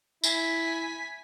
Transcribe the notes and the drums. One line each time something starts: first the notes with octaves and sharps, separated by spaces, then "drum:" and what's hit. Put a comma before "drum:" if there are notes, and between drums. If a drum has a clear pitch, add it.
E4 G#5 B6, drum: tambourine